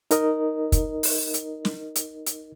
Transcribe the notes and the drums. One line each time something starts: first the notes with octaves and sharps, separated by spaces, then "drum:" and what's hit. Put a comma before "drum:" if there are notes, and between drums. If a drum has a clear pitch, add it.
D#4 A#4 D#5, drum: hi-hat
drum: kick, hi-hat
drum: open hi-hat
drum: hi-hat
drum: snare
drum: hi-hat
drum: hi-hat